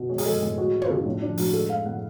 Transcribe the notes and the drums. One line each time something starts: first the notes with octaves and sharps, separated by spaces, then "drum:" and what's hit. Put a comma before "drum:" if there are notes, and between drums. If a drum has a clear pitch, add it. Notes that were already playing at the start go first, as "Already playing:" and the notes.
Already playing: B2
G#3 C#5
G#4, drum: open hi-hat
G#3 A4
A2 G#4
G#3 F#4
G#3
F4, drum: tom
C#3
A2 D4
F3 D4
A2 F#4, drum: open hi-hat
G#3 A4
G#3 F5
A2 F#5